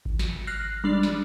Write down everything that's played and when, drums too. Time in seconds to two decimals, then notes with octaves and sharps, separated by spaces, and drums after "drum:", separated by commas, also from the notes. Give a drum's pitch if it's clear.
0.05 drum: kick G#1
0.19 drum: snare
0.47 F6 F#6 A#6 C7
0.84 G3 G#3 D4 D5
1.03 drum: snare